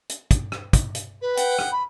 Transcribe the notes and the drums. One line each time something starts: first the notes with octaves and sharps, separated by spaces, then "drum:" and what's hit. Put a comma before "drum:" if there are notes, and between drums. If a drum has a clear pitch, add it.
drum: hi-hat
drum: kick, hi-hat
drum: rim click
drum: kick, hi-hat
drum: hi-hat
B4
F#5 G5, drum: hi-hat
drum: rim click
B5